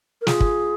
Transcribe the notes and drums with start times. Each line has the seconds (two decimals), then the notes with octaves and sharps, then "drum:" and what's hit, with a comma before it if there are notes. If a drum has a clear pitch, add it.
0.21 A#4
0.27 F4 G#4, drum: snare
0.40 drum: kick